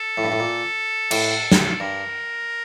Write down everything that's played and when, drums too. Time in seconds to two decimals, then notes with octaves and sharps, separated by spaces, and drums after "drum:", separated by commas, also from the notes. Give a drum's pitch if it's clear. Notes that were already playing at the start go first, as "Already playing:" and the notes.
Already playing: A4
0.18 A2
0.24 G2
0.32 A2
0.40 A#2
1.11 A2, drum: cymbal
1.52 drum: snare
1.80 G2 A#4